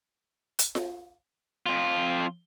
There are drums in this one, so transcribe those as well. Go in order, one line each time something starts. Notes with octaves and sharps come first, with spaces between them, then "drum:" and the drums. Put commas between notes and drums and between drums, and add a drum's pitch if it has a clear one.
drum: hi-hat
drum: snare F4
F2 F4